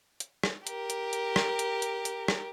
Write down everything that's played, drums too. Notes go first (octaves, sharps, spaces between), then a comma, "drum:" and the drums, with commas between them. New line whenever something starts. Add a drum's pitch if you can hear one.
drum: hi-hat
drum: rim click
G4 A#4, drum: hi-hat
drum: hi-hat
drum: hi-hat
drum: rim click
drum: hi-hat
drum: hi-hat
drum: hi-hat
drum: rim click